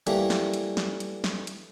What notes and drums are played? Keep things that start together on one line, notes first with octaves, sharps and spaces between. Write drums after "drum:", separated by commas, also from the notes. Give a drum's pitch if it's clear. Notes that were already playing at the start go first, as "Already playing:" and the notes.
E3 G3 A3 A#3, drum: hi-hat
drum: snare
drum: hi-hat
drum: snare
drum: hi-hat
drum: snare
drum: hi-hat